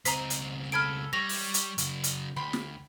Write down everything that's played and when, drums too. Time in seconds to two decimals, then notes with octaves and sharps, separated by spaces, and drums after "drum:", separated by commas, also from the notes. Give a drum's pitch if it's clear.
0.05 C#2 C4 C5 D#5 A#5 B6, drum: hi-hat
0.30 drum: hi-hat
0.72 G#4 A4 B5 F6 G#6 D7
1.13 G3 C#5 A#6 F7
1.29 drum: open hi-hat
1.54 drum: hi-hat
1.78 C#3 F#3, drum: hi-hat
2.04 drum: hi-hat
2.36 D2 G5 B5 C6
2.53 drum: snare